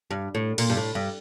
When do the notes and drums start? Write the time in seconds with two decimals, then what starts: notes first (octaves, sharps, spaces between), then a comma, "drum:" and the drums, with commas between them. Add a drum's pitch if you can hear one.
0.11 G2
0.35 A2
0.58 A#2, drum: cymbal
0.70 G2
0.77 A2
0.95 G2